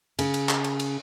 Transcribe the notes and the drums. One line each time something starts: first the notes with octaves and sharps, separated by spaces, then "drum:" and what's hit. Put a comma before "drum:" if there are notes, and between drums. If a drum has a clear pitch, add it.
C#3, drum: cymbal
drum: cymbal
drum: clap
drum: cymbal
drum: cymbal